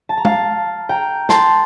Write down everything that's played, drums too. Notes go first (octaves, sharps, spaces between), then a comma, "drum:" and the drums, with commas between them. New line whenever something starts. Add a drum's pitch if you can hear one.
A5
A#5
F5 A5, drum: tom
G5 A#5
A5 C6, drum: snare